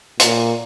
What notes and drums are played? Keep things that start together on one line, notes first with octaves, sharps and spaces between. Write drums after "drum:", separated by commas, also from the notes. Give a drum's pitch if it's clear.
A#2, drum: hi-hat